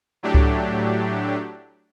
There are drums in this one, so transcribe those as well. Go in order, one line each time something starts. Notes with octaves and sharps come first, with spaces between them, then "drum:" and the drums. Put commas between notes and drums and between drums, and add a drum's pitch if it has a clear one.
A2 F#3 A3 D4 G4
drum: kick C#2